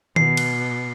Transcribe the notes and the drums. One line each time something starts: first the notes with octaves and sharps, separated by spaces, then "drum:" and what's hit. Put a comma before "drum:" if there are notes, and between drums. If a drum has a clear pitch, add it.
B2 C7, drum: tom D#3
drum: cymbal